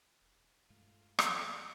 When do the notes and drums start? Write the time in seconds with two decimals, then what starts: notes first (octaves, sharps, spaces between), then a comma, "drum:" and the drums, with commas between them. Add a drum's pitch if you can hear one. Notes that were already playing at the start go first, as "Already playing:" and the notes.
0.22 E1
0.70 G2 G#3 A3 F4
1.19 drum: rim click
1.30 E3 G#4 F5 G5